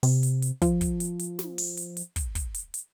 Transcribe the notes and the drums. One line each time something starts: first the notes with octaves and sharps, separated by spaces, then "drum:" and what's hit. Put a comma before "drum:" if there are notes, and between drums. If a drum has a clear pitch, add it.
C3, drum: open hi-hat
drum: hi-hat
drum: hi-hat
F3, drum: kick, hi-hat
drum: kick, hi-hat
drum: hi-hat
drum: hi-hat
drum: snare
drum: open hi-hat
drum: hi-hat
drum: hi-hat
drum: kick, hi-hat
drum: kick, hi-hat
drum: hi-hat
drum: hi-hat